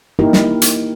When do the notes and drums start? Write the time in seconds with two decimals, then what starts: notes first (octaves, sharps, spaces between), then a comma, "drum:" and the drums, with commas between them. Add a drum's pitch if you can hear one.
0.19 A#3 D#4 E4 G4 A#4
0.33 drum: snare
0.62 drum: hi-hat